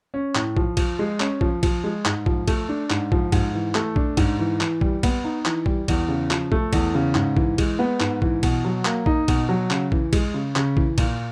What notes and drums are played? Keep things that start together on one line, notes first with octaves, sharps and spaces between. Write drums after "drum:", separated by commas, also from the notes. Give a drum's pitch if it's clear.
C#4
A2, drum: clap
F3, drum: kick
F3, drum: kick, cymbal
G#3
C#4, drum: clap
F3, drum: kick
F3, drum: kick, cymbal
G#3
G#2, drum: clap
F3, drum: kick
A3, drum: kick, cymbal
D4
G#2, drum: clap
F3, drum: kick
G#2, drum: kick, cymbal
E3
A3, drum: clap
D4, drum: kick
G#2, drum: kick, cymbal
E3
E3, drum: clap
G3, drum: kick
B3, drum: kick, cymbal
D#4
E3, drum: clap
G3, drum: kick
E2, drum: kick, cymbal
C#3
F3, drum: clap
A3, drum: kick
E2, drum: kick, cymbal
C#3
G#2, drum: clap
E3, drum: kick
G#3, drum: kick, cymbal
B3
G#2, drum: clap
E3, drum: kick
B2, drum: kick, cymbal
F#3
A#3, drum: clap
D#4, drum: kick
B2, drum: kick, cymbal
F#3
C#3, drum: clap
E3, drum: kick
G#3, drum: kick, cymbal
C#3
C#3, drum: clap
E3, drum: kick
A#2, drum: kick, cymbal